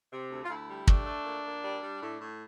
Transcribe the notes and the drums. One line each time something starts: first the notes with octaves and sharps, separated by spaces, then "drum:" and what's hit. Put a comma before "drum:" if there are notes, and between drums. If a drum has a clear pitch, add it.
C3
D2
F4
D2 E4
G3
A3 D4, drum: kick
A3
A#2
A#2
G3
G3
A2
A2